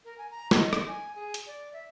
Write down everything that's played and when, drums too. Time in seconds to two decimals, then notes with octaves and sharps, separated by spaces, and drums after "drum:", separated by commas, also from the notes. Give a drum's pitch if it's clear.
0.05 A#4
0.18 G#5
0.31 A#5
0.51 D#5, drum: snare
0.73 drum: rim click
0.87 G#5
1.16 G#4
1.34 drum: hi-hat
1.47 D5
1.73 E5